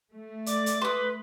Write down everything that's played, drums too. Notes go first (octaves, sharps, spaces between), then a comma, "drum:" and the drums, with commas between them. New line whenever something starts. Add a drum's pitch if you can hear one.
A3
D5 D6, drum: hi-hat
drum: hi-hat
B4 C6 D#6